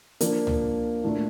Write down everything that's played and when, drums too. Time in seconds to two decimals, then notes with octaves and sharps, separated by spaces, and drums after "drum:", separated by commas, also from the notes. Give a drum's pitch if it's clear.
0.21 F3 A#3 D4, drum: hi-hat
0.47 drum: tom C#2
1.04 A#2 A3 D4